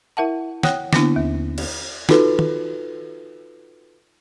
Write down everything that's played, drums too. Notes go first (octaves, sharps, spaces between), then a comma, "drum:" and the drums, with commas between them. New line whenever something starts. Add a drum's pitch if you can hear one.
E4 A#4 E5 F#5 A5
C#5 F#5 G5 D#6 F#6, drum: snare
D3 A#3 B3 D4 E4, drum: snare
D#2
drum: cymbal
D#4 F4 F#4 A4 B4, drum: snare
drum: tom